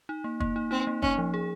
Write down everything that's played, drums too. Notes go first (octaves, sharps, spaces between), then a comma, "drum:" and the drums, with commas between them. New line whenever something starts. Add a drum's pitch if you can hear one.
D#4
A#3
A#3, drum: kick
D#4
C4 D#4
A#3
A#3 C#4, drum: kick
F3
G#4